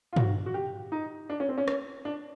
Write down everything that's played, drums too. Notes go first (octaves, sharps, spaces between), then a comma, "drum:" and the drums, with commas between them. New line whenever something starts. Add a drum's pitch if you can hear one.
F4
F#4, drum: tom
F#4
G4
D#4
D4
C#4
C4
C#4
drum: rim click
D4